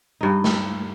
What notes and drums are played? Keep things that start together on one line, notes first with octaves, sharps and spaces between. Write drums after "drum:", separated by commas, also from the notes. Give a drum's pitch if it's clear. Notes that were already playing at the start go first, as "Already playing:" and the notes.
G2 D#4
drum: snare